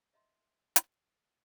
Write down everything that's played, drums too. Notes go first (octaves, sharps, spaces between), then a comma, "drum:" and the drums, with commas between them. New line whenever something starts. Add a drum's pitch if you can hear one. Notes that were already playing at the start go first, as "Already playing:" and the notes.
C#5 D#5 E5 A#5 C6
drum: hi-hat